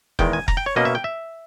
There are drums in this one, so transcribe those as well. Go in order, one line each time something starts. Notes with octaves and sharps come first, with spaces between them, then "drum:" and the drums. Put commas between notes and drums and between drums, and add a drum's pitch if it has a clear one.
E2 D#3 G#3 G5, drum: kick F1
G#5
A#5, drum: kick F1
G5
C#5
B2 A#3 C#4 D#5
E5
G5
E5